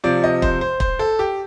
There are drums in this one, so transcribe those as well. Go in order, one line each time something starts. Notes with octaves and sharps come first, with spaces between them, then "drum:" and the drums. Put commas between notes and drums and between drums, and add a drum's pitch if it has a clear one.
C3 F3 D5
D#5
C5, drum: kick
C5
C5, drum: kick
A4
G4